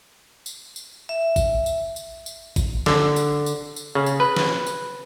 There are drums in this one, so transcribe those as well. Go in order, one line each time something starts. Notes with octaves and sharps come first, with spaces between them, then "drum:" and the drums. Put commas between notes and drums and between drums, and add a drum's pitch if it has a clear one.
drum: tambourine
drum: tambourine
E5
drum: kick, tambourine
drum: tambourine
drum: tambourine
drum: tambourine
drum: kick, tambourine
D3, drum: snare
drum: tambourine
drum: tambourine
drum: tambourine
C#3
drum: tambourine
B4
drum: snare
drum: tambourine